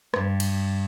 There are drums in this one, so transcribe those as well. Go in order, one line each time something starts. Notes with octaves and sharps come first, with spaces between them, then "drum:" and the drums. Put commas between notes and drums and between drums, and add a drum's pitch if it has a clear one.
G2, drum: rim click
drum: cymbal